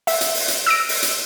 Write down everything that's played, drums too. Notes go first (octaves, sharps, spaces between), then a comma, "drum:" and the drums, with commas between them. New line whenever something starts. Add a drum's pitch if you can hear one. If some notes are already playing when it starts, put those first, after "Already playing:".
E5, drum: open hi-hat
drum: hi-hat
drum: open hi-hat
drum: hi-hat
E6 A#6 D7
drum: open hi-hat
drum: hi-hat